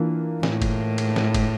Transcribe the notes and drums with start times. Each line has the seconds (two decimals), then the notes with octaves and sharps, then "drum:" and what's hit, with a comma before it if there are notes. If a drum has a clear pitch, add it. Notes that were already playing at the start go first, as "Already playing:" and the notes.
Already playing: E3 A#3 D4 F4
0.43 A2, drum: snare
0.62 drum: kick, cymbal
0.98 drum: cymbal
1.16 drum: snare
1.34 drum: kick, cymbal